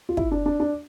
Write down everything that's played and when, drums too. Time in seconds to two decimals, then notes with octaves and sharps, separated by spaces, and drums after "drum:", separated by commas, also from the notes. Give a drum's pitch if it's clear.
0.09 F4
0.17 E4, drum: kick
0.31 D4
0.46 D4
0.60 D4